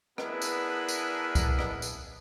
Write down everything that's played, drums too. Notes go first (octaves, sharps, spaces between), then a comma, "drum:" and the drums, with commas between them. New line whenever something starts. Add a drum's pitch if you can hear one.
B3 D4 E4 G#4 A#4 B4, drum: rim click
drum: tambourine
drum: tambourine
drum: kick C2, tambourine
drum: rim click
drum: tambourine